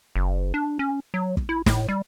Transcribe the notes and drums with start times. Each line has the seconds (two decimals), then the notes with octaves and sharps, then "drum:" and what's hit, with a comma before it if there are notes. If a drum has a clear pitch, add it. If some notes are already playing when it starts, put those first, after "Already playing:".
0.16 F#1
0.54 D4
0.79 C#4
1.14 F#3
1.37 drum: kick
1.49 E4
1.66 A2, drum: snare
1.89 G3